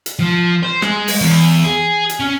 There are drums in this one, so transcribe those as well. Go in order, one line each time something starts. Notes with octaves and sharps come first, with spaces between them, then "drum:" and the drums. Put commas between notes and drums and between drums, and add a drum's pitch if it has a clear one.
drum: hi-hat
F3
C5
G#3, drum: rim click
drum: open hi-hat
E2
G#4
drum: hi-hat
C#4